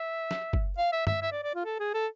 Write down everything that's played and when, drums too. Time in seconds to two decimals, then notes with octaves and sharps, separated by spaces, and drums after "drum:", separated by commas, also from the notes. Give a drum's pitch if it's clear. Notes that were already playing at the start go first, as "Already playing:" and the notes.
Already playing: E5
0.31 drum: snare
0.53 drum: kick F#1
0.78 F5
0.92 E5
1.07 E5, drum: tom
1.22 E5
1.32 D5
1.44 D5
1.55 F4
1.65 A4
1.79 G#4
1.94 A4